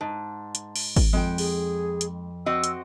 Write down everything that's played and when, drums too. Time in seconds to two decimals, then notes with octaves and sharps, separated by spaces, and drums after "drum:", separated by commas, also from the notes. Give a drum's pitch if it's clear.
0.01 G#2 A5
0.55 drum: hi-hat
0.76 drum: open hi-hat
0.96 drum: kick G#1, open hi-hat
1.13 F2 G#3 G5
1.38 G#4, drum: open hi-hat
2.01 drum: hi-hat
2.46 C4 F#4 D#5 E6
2.64 drum: hi-hat